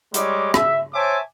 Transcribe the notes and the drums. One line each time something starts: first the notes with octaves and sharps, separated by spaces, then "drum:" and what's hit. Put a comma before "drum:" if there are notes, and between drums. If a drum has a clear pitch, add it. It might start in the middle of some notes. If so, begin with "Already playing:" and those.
G3 G#3 C#5 D#5 D6, drum: hi-hat
E5, drum: rim click
C5 C#5 E5 G#5 A5 D6